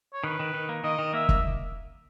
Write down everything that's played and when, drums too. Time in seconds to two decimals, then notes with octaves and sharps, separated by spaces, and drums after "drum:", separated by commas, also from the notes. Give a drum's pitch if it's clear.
0.13 C#5
0.24 D#3 B4
0.40 D#3
0.54 D#3
0.69 A#3
0.84 D#3 D#5
0.99 D#3
1.14 A#3 E5
1.29 drum: kick